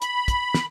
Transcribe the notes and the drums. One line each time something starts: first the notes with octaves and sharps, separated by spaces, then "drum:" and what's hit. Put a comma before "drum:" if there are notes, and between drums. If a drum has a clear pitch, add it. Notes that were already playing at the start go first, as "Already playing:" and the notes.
B5, drum: hi-hat
drum: kick, hi-hat
drum: snare